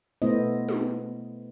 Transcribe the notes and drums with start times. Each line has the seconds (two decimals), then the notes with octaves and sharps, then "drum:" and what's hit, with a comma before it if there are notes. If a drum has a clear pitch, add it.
0.22 B2 A3 B3 E4 C5 D#5
0.69 drum: tom